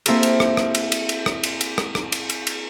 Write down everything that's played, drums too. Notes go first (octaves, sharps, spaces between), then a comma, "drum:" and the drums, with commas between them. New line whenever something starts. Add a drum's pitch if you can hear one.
A#3 C4 E4 G4 A4 A#4, drum: cymbal
drum: cymbal
drum: rim click
drum: rim click
drum: cymbal
drum: cymbal
drum: cymbal
drum: rim click
drum: cymbal
drum: cymbal
drum: rim click
drum: rim click
drum: cymbal
drum: cymbal
drum: cymbal